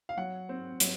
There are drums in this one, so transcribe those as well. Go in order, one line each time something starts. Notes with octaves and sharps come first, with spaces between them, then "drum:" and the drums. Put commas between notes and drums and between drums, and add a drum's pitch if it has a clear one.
F5
F#3 F#5
C4
F#3, drum: hi-hat